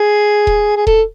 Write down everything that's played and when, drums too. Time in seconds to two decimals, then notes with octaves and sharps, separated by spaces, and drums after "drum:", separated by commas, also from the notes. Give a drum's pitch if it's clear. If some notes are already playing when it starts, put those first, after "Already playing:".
Already playing: G#4
0.47 drum: kick D#1
0.77 G#4
0.87 A4, drum: kick D#1